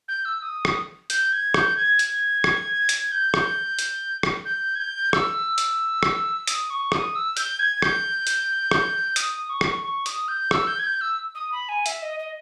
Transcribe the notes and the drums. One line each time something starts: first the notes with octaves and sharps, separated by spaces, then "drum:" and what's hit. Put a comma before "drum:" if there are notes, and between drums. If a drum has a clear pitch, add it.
G6
E6
D#6
drum: rim click
G6, drum: hi-hat
G#6
G6, drum: rim click
G#6
drum: hi-hat
drum: rim click
drum: hi-hat
G6
drum: rim click
drum: hi-hat
drum: rim click
G6
G#6
G6
E6, drum: rim click
drum: hi-hat
drum: rim click
D#6, drum: hi-hat
C#6
D#6, drum: rim click
E6
G6, drum: hi-hat
G#6
G6, drum: rim click
drum: hi-hat
drum: rim click
D#6, drum: hi-hat
C#6
drum: rim click
C#6
D#6, drum: hi-hat
G6
E6, drum: rim click
G6
G#6
G6
E6
D#6
B5
G#5
E5, drum: hi-hat
D#5
D#5